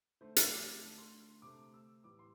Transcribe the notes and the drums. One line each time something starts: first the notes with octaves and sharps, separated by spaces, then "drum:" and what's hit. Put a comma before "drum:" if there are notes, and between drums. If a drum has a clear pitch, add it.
D3 A3 C5
D5, drum: hi-hat
D6
D3 A3
C6
C3 A3 D6
E6
A2 E3 G3 D6
C6